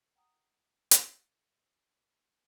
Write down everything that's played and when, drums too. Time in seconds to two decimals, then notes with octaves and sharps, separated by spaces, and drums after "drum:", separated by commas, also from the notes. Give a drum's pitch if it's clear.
0.16 F#5 G5 A#5 D#6
0.91 drum: hi-hat